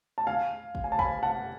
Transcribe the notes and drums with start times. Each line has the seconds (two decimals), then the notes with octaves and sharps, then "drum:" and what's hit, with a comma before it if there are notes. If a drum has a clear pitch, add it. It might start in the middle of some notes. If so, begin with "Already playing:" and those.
0.18 A5
0.27 F5 G#5
0.75 drum: kick
0.84 G#5
0.92 A5
0.99 G#5 B5, drum: kick
1.23 F#5 A5